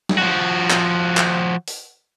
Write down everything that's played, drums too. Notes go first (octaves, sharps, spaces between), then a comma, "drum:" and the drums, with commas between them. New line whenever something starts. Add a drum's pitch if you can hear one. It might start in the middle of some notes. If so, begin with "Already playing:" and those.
drum: snare
F3 F#4
drum: clap
drum: clap
drum: open hi-hat